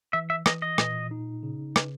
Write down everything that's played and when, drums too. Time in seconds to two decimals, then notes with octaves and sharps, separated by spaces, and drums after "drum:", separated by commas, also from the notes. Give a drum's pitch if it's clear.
0.13 E3 E5
0.30 E5
0.46 E3 D#5, drum: rim click
0.62 D#5
0.78 A#2, drum: rim click
1.11 D#4
1.43 C#3
1.76 C#3, drum: rim click